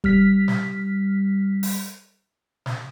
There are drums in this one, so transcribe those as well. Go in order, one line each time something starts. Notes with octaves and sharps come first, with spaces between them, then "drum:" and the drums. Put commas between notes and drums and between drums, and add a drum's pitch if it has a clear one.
G3 F6 B6, drum: kick
drum: snare
drum: open hi-hat
drum: snare